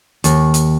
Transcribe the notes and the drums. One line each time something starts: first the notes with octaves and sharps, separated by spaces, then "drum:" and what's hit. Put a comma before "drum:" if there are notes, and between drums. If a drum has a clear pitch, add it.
D#2, drum: hi-hat
drum: hi-hat